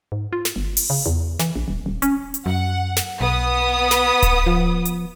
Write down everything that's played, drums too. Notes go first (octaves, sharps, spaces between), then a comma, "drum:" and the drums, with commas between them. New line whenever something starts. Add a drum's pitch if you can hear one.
G#2
F4
drum: snare
G1
drum: open hi-hat
C#3
E2
E3, drum: snare
A#1
D#1
D#1
C#4, drum: hi-hat
drum: hi-hat
F#2 F#5
drum: snare
B1 B3 D#6
drum: snare
drum: kick D1, hi-hat
F3
drum: hi-hat